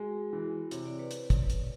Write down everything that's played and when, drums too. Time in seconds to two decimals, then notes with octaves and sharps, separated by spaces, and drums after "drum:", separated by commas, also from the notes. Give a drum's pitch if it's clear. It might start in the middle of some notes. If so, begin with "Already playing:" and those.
Already playing: G#3 F#4 G#4
0.33 E3
0.71 C3 C#5, drum: hi-hat
0.85 D5
0.99 B4 C#5
1.11 drum: hi-hat
1.30 drum: kick, hi-hat
1.50 drum: hi-hat